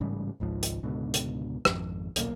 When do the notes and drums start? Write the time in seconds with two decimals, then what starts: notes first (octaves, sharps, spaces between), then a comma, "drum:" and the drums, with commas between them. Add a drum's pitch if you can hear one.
0.01 A1 G#2 C#3 G3
0.40 G#1 C#2 G#2 F3
0.63 drum: hi-hat
0.83 C#2 G#2 B2 D3
1.14 drum: hi-hat
1.65 G#1 F2, drum: rim click
2.16 D#1 B1 A#2 A#3, drum: hi-hat